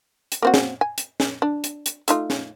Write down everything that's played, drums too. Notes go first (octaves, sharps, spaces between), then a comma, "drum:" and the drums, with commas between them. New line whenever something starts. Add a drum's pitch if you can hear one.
drum: hi-hat
A#3 C4 F#4
drum: snare
G#5
drum: hi-hat
drum: snare
D4
drum: hi-hat
drum: hi-hat
A3 D#4 F4, drum: hi-hat
drum: snare